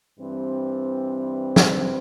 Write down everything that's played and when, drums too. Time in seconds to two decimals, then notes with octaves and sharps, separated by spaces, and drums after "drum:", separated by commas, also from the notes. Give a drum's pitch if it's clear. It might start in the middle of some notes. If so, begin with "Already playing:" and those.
0.19 G2 E3 G3 C4
1.56 drum: snare